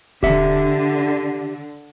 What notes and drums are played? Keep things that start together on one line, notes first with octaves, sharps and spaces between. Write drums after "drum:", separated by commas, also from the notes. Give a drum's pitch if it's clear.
D3 G4 E5, drum: kick D#1